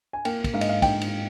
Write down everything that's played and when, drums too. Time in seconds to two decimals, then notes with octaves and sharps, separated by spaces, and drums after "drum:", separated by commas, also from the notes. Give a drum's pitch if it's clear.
0.13 G#5
0.25 A#3 G5, drum: cymbal
0.44 drum: kick, cymbal
0.54 G#2 F5
0.61 D#5, drum: cymbal
0.69 F5
0.82 G#2 G5, drum: kick, cymbal
1.01 drum: cymbal